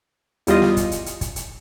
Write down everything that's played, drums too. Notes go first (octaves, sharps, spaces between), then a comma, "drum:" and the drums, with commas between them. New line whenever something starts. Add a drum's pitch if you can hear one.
E2 G3 F4 D#5, drum: hi-hat
drum: snare
drum: kick, hi-hat
drum: hi-hat
drum: hi-hat
drum: kick, hi-hat
drum: hi-hat